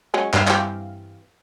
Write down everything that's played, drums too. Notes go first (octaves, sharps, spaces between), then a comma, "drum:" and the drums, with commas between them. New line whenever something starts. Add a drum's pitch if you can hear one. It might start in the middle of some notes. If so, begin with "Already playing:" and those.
F#3 G#3 C#4
G2 D#3 E4 F5, drum: clap
E3 C4 G4, drum: clap